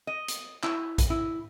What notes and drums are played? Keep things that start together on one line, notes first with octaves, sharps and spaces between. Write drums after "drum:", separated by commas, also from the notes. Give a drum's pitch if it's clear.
D#5
drum: hi-hat
E4, drum: clap
drum: kick A#1, hi-hat
E4